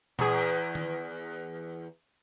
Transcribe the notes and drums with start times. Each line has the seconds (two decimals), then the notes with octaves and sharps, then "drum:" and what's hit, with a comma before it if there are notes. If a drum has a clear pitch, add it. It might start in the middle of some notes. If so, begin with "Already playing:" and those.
0.19 E2 G#4, drum: tom A#2
0.75 drum: tom